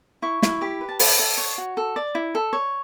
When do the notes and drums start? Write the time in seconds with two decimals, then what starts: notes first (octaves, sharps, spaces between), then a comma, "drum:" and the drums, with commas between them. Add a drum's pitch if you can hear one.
0.22 E4 C#6
0.42 E4, drum: snare
0.61 G4 B5
0.81 B4
0.89 A5
0.99 A4 B5, drum: open hi-hat
1.19 A4
1.38 C#5
1.58 F#4
1.77 A4
1.96 D5
2.15 E4
2.35 A4
2.53 C#5